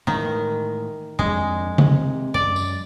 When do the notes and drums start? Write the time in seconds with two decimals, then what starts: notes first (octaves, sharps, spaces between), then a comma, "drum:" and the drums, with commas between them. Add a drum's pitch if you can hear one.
0.07 A2 D#3 E3 G#3
1.19 F2 G#3 C#4 D4
1.78 C3, drum: tom C#3
2.34 F#2 D5
2.56 drum: tambourine